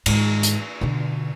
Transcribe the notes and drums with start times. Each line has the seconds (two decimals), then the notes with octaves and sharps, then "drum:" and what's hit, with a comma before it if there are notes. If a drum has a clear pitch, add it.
0.06 G#2 D#3, drum: cymbal
0.43 drum: hi-hat
0.81 B2 D3